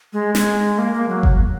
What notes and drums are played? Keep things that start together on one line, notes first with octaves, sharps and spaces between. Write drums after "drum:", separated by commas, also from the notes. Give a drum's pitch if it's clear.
G#3
G#3, drum: snare
A#3
A#3
F#3
drum: kick G1